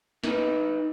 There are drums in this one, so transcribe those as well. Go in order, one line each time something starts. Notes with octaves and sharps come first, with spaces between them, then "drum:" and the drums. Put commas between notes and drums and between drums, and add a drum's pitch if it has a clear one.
D#4 B4, drum: snare